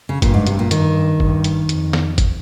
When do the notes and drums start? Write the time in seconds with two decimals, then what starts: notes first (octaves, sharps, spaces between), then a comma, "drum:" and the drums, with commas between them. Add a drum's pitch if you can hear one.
0.09 C#3
0.22 G2 A#2, drum: kick G1, hi-hat
0.34 G#2
0.47 C3, drum: hi-hat
0.59 A#2
0.71 G2 D#3, drum: hi-hat
1.20 G2, drum: kick G1
1.44 drum: hi-hat
1.69 F2, drum: hi-hat
1.93 drum: snare
2.18 drum: kick G1, hi-hat